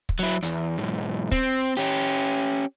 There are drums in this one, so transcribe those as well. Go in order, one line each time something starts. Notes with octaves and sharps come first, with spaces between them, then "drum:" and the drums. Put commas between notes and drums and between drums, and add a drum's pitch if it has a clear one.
drum: kick
F#3 E4
E2, drum: hi-hat
B1 G#2
C4, drum: kick
C#4 G4, drum: hi-hat